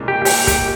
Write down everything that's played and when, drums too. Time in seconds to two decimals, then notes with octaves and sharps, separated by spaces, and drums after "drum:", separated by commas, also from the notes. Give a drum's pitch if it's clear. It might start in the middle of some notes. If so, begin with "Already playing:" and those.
Already playing: C2 A#2 G#3 C#4
0.08 G4
0.25 G4, drum: open hi-hat
0.47 G4, drum: kick, hi-hat